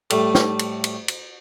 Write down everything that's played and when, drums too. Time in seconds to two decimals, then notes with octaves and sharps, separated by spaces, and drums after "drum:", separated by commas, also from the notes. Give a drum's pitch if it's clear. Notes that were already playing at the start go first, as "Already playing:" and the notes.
0.10 A2 G3 A3, drum: cymbal
0.35 drum: snare
0.59 drum: cymbal
0.84 drum: cymbal
1.08 drum: cymbal